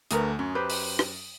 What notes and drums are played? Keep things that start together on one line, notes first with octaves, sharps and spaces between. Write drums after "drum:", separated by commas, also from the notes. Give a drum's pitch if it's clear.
D2 A3 D4 A#4 B4 D#6, drum: hi-hat
F#2 C#4
G4 B4 C5
drum: open hi-hat
drum: rim click